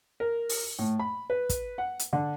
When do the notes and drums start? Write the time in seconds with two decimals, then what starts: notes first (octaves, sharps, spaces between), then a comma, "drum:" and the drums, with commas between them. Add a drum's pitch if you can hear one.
0.20 A#4
0.49 drum: open hi-hat
0.79 A2
0.99 B5
1.30 B4
1.49 drum: kick, hi-hat
1.78 F#5
1.99 drum: hi-hat
2.13 D3